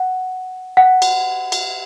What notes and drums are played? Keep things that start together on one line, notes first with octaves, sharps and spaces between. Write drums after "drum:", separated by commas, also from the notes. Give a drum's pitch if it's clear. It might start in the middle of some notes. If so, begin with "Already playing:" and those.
Already playing: F#5
F#5
drum: cymbal
drum: cymbal